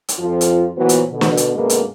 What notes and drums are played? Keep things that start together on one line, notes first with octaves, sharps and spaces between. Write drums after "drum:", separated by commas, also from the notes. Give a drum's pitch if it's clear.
drum: hi-hat
F2 F3 F4
drum: hi-hat
A#2 E3 F#3 B3 F#4 C5
drum: hi-hat
B2 D3
drum: snare
drum: hi-hat
F#2 B2 D3 G#3 A#3 B3
drum: hi-hat